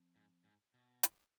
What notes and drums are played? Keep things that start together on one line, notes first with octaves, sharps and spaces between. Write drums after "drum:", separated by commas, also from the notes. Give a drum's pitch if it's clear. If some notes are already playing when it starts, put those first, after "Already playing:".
Already playing: F3 C4
G#2
G#2
B2
drum: hi-hat